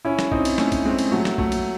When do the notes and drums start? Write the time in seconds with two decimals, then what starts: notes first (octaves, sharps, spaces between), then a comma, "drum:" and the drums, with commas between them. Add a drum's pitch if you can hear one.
0.05 C#4 E4
0.19 drum: snare
0.32 C4 D#4, drum: kick
0.45 drum: cymbal
0.58 A3 C#4, drum: snare
0.72 drum: kick, cymbal
0.85 G#3 C4
0.99 drum: cymbal
1.11 F#3 A3
1.25 drum: snare
1.38 F#3 A3, drum: kick
1.52 drum: cymbal